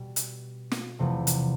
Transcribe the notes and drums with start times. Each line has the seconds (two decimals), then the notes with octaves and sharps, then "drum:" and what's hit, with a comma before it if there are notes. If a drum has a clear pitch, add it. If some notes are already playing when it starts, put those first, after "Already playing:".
Already playing: B2 G3
0.16 drum: hi-hat
0.71 drum: snare
0.99 E2 C3 F3 A3
1.27 drum: hi-hat